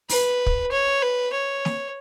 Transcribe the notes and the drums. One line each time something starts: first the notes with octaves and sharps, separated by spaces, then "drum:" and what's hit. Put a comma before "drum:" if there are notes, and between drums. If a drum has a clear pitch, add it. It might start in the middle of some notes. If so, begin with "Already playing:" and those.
B4, drum: open hi-hat
drum: kick
C#5
B4
C#5
drum: snare